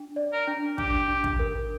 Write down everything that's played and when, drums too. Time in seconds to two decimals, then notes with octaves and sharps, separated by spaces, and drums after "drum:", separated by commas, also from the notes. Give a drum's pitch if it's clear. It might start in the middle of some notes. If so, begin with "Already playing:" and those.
Already playing: D4
0.16 D5
0.32 A#4
0.47 D4
0.78 D4 G4, drum: kick
1.08 D4
1.24 drum: kick
1.39 A#4